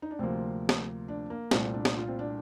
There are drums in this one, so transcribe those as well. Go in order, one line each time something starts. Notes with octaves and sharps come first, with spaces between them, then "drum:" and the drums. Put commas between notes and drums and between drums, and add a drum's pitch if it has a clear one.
D#4
D4
D2 C3 F3 A#3 C4
drum: snare
D4
A#3
C2 A#2 A3 C4, drum: snare
D4
drum: snare
F4
C4
D4